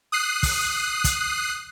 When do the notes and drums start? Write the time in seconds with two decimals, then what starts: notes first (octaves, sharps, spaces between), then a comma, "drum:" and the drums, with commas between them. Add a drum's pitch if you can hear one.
0.12 D#6 F#6 C7
0.43 drum: kick, open hi-hat
1.04 drum: kick, hi-hat